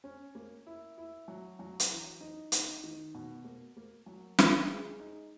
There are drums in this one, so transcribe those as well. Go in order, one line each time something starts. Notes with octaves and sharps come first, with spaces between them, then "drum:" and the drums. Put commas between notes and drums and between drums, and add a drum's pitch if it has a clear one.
C#4
A#3
E4
E4
F#3
F#3
drum: hi-hat
E3
D#4
D#4, drum: hi-hat
D#3
B2
A#3
A#3
F#3
E4, drum: snare
G#3
D#4